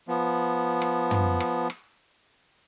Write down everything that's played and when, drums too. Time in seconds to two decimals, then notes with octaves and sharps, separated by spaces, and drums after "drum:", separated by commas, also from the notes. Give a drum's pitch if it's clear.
0.08 F3 B3
0.82 drum: rim click
1.11 drum: tom
1.40 drum: rim click
1.70 drum: rim click